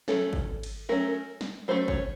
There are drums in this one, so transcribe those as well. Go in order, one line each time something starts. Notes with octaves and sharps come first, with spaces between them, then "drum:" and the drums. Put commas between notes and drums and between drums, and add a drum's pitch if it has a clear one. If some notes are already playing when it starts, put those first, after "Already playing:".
F#3 A3 C#4 A4, drum: snare
drum: kick
drum: cymbal
F#3 A3 C#4 A#4
drum: snare
F#3 A3 C#4 C5
C#5, drum: kick